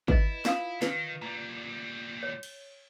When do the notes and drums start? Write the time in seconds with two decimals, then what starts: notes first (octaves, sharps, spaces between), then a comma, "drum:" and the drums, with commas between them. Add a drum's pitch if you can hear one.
0.08 E4 B4 D#5, drum: kick
0.45 F4 F5 D#6, drum: snare
0.82 D#3 B4, drum: snare
1.22 A#2 G3 A#5
2.23 C#5
2.43 drum: cymbal